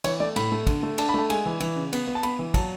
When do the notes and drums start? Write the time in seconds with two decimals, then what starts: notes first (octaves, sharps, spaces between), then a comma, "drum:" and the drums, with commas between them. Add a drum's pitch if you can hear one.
0.04 E3 C#5, drum: cymbal
0.20 A3 D5
0.36 A2 B5, drum: cymbal
0.52 A3
0.67 D3, drum: kick, cymbal
0.83 A3
0.98 D4 A5, drum: cymbal
1.09 B5
1.14 A3 A5
1.30 G#3 G#5, drum: cymbal
1.46 E3
1.60 E3, drum: cymbal
1.76 C#3
1.93 B3, drum: cymbal
2.07 B3
2.15 A5
2.23 B3 B5, drum: cymbal
2.39 E3
2.54 F#3 A5, drum: kick, cymbal